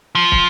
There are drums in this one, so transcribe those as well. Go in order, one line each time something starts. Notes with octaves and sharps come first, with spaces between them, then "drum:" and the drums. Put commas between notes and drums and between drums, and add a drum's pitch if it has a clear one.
F3
drum: kick